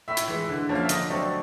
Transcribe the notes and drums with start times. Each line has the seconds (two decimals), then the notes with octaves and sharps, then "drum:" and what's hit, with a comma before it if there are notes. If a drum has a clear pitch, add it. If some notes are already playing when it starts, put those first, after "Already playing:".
0.08 A2 E5
0.17 drum: hi-hat
0.28 E3 G#3
0.49 D3
0.69 F3 A#3 C#4
0.75 F5
0.82 E5
0.89 D3 D#5, drum: hi-hat
1.10 F#3 A3 C4 D5